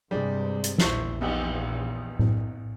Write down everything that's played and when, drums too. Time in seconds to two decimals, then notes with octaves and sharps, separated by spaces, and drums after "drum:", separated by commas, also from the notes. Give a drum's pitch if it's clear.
0.11 G2 C3 G3 G#3 D4 G#4
0.64 drum: hi-hat
0.78 A#1 E2 E4 C5 C#6, drum: snare
1.21 B3 D#4 G4, drum: cymbal
2.19 drum: tom A2